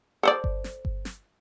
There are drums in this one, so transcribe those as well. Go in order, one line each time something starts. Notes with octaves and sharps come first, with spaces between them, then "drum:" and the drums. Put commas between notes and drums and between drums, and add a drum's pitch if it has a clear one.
A4 C5 D5
drum: kick G1
drum: snare
drum: kick G1
drum: snare